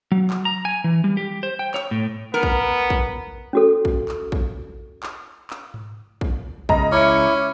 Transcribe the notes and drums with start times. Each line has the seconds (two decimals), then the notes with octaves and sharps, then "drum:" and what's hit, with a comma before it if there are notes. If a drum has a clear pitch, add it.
0.12 F#3
0.30 drum: clap
0.45 A#5
0.65 G#5
0.84 E3
1.04 G3
1.17 G4
1.43 C5
1.59 G5
1.74 C#5, drum: clap
1.91 A2
2.34 B3 A#4
2.43 drum: kick
2.90 drum: kick
3.53 C#4 F#4 A4
3.85 drum: kick
4.08 drum: clap
4.32 drum: kick
5.03 drum: clap
5.50 drum: clap
5.74 drum: tom G#2
6.21 drum: kick
6.69 C#2 D#5 A#5, drum: kick
6.92 C#4 E4 D6 C#7